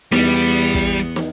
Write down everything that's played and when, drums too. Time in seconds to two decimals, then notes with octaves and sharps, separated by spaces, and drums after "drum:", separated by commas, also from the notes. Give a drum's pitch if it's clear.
0.12 E2 G3 B3, drum: snare
0.33 drum: hi-hat
0.75 drum: kick, hi-hat
1.16 drum: snare